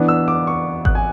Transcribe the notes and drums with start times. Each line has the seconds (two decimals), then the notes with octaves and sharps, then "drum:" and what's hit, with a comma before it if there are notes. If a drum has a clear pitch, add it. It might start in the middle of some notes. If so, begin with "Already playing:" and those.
Already playing: E3 B3 D4
0.08 E6
0.28 D6
0.47 C#6
0.85 F#6, drum: kick G#1
0.95 G#5